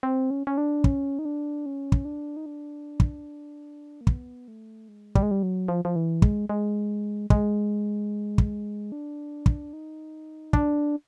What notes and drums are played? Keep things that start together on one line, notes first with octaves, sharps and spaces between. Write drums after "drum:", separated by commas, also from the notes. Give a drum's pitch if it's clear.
C4
C#4
C#4
D4
C#4, drum: kick
D#4
D4
C#4
drum: kick
D4
D#4
D4
drum: kick
A#3
B3, drum: kick
A3
G#3
G3, drum: kick
G#3
G3
F#3
F3
F3
E3
G#3, drum: kick
G#3
G#3, drum: kick
drum: kick
D4
drum: kick
D#4
D4, drum: kick